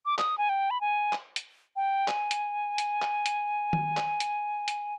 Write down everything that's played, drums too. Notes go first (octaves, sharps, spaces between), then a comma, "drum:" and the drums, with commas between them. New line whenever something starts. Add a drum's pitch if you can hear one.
D6
D#6, drum: clap
G#5
G5
B5
G#5
drum: clap
drum: hi-hat
G5
G#5, drum: clap
drum: hi-hat
drum: hi-hat
drum: clap
drum: hi-hat
drum: tom D#3
drum: clap
drum: hi-hat
drum: hi-hat